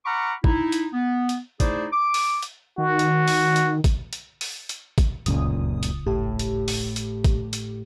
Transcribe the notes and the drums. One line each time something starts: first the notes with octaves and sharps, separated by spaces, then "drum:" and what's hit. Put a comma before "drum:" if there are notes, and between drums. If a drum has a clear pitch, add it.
F#5 A#5 B5 C#6 D6 F6
D#4 E4, drum: kick
drum: hi-hat
B3
drum: hi-hat
A3 D#4 E4 G#4 C5 D5, drum: kick, hi-hat
D6
drum: open hi-hat
drum: hi-hat
D#3 F#4
drum: hi-hat
drum: open hi-hat
drum: hi-hat
drum: kick, hi-hat
drum: hi-hat
drum: open hi-hat
drum: hi-hat
drum: kick, hi-hat
D1 C#2 F#2 A#2 D#6, drum: hi-hat
drum: hi-hat
G#1 A2 G4
drum: hi-hat
drum: open hi-hat
drum: hi-hat
drum: kick, hi-hat
drum: hi-hat